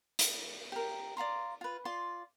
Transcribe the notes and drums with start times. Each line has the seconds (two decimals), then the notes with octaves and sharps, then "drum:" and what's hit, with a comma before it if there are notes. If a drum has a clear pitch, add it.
0.19 drum: hi-hat
0.72 G4 A#4
1.17 D5 F5 A#5 C6
1.61 F4 B4
1.85 F4 D5 C6